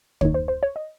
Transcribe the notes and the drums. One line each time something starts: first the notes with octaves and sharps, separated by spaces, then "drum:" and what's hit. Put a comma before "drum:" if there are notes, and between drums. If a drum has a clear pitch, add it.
F#2 D#3 A#3 D#4 C#5, drum: kick
C5
C5
C#5
D#5